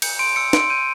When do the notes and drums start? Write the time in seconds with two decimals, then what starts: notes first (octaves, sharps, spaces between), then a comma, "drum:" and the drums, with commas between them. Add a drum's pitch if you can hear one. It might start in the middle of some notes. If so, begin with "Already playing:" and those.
0.02 G6 C#7, drum: cymbal
0.19 C6 D7
0.36 E6 C#7
0.53 C6 D7, drum: snare
0.70 G6 D#7